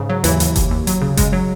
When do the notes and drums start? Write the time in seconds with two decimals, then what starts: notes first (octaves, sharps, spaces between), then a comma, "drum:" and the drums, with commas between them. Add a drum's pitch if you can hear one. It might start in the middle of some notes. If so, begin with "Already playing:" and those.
Already playing: G#2 C#3
0.09 F#3
0.24 D#2 E3 E4, drum: hi-hat
0.40 D#2, drum: hi-hat
0.56 D#2, drum: kick F#1, hi-hat
0.71 D#2
0.87 F#3, drum: hi-hat
1.02 C#3
1.17 C#3 G#3, drum: kick F#1, hi-hat
1.33 F#3